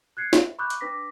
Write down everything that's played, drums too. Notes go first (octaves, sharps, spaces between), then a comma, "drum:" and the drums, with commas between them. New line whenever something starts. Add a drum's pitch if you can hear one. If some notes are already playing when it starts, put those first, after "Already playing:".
F#6 G#6 C7 C#7
E5, drum: snare
B5 C#6 D6 E6 F#6 G6
drum: hi-hat
D4 B4 D6 A#6 B6